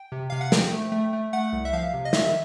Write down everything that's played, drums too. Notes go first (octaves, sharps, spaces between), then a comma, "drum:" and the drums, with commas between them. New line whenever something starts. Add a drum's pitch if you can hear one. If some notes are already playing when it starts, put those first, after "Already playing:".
Already playing: G5
C3
C3 F5
F#5
F3 G5, drum: snare
A3
A3
A3
A3 F#5
C2
E5
F3 F5
C3
D#5
D#3 E5, drum: snare